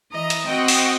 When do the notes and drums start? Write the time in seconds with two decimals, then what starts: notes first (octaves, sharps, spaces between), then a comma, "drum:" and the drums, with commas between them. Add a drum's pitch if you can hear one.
0.11 E3 D#5 A#5
0.30 drum: hi-hat
0.47 C4 F#4 D#5 F#5 G5
0.68 drum: open hi-hat